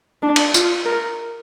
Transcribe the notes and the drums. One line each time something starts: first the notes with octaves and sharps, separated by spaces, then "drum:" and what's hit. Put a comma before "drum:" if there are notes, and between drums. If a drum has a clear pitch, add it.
D4
drum: cymbal
F4, drum: tambourine
A#4